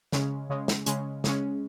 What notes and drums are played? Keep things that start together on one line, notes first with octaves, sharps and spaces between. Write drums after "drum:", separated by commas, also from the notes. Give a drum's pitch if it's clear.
C#3 G#3 C#4, drum: snare
C#3 G#3 C#4
drum: snare
C#3 G#3 C#4, drum: hi-hat
C#3 G#3 C#4, drum: snare